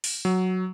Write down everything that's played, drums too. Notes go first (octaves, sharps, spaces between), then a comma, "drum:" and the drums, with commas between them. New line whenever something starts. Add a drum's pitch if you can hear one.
drum: open hi-hat
F#3